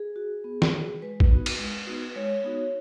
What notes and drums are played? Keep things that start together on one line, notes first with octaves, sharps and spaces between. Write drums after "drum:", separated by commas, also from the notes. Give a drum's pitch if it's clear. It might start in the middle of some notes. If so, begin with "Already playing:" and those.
Already playing: G#4
F#4
B3
drum: snare
F#4
G#3 B4
drum: kick
B3 D#4 F#4
drum: cymbal
G#3
B3 D#4 F#4
G#3 C#5
B3 D#4 F#4